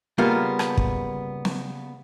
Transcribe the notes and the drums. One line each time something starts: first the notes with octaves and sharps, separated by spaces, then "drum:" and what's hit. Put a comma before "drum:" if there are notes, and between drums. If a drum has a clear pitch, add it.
C#3 G3 A#3 B3 F4 A#4
drum: rim click
drum: kick
drum: snare